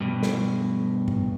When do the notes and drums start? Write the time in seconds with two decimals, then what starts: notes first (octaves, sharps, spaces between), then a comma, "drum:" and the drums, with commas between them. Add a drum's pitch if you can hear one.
0.01 G2 B2
0.23 drum: snare
1.08 drum: tom G#2